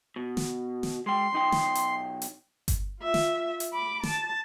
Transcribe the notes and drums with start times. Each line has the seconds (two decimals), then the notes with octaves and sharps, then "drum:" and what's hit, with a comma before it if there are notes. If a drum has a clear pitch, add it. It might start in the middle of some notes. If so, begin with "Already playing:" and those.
0.16 B2
0.37 drum: snare
0.83 drum: snare
1.06 G#3 G5 C6
1.33 B1 D#4 G5
1.52 drum: snare
1.75 drum: hi-hat
2.22 drum: hi-hat
2.68 drum: kick G1, hi-hat
3.00 F4 E5
3.14 drum: snare
3.60 drum: hi-hat
3.73 B5 D6
4.03 A5, drum: snare